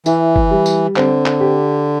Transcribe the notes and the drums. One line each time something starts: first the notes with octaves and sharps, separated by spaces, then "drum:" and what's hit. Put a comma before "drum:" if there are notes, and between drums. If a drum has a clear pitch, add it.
E3 E4, drum: tambourine
drum: kick F#1
G3
drum: tambourine
D3 C4, drum: clap
drum: clap
G4